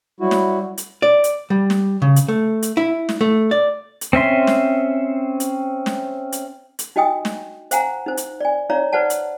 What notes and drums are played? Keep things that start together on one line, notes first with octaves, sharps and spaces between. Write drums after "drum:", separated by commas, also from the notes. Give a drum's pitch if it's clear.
F#3 G3 E4 F#4
drum: snare
drum: hi-hat
D5
drum: hi-hat
G3
drum: snare
C#3
drum: hi-hat
A3
drum: hi-hat
E4
drum: snare
A3
D5
drum: hi-hat
C4 C#4 E5 C6
drum: snare
drum: hi-hat
drum: snare
drum: hi-hat
drum: hi-hat
D#4 F#4 D#5 G5 G#5 D#6
drum: snare
C5 F5 F#5 G#5 A#5, drum: hi-hat
D#4 C5
drum: hi-hat
D5 G#5
D#4 C#5 D5 F5 A#5
B4 C5 D5 F#5 A5
drum: hi-hat